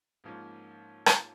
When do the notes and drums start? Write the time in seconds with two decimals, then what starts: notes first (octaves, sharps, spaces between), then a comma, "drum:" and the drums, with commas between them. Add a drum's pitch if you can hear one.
0.24 G#2 F3 A#3 C#4
1.06 drum: rim click